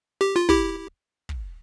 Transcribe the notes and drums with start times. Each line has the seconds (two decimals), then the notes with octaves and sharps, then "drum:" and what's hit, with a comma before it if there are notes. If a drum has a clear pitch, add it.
0.21 G4
0.36 F4
0.49 E4 G4, drum: kick
1.29 drum: kick